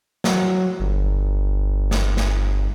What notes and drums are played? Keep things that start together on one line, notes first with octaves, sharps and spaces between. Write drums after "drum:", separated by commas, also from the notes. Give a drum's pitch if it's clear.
F#3, drum: snare
G1
drum: snare
drum: snare